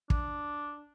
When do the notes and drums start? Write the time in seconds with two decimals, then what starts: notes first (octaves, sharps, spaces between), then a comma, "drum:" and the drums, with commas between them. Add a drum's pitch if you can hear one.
0.10 D4, drum: kick